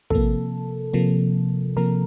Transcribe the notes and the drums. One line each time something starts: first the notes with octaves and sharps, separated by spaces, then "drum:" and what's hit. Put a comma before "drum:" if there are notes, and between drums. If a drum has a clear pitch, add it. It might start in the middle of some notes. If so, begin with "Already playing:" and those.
C3 F3 A#3 A4, drum: kick
C3 F3 A#3
C3 F3 A#3 A#4